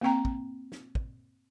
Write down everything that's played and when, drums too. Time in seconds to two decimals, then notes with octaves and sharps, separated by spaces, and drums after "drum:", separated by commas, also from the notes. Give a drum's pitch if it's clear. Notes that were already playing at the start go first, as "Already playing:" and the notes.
0.01 A#3 C4 G5 A#5
0.25 drum: kick
0.72 drum: snare
0.95 drum: kick